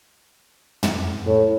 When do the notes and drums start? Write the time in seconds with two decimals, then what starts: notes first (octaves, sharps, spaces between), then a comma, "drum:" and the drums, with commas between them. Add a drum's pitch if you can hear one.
0.83 drum: tom
1.25 A2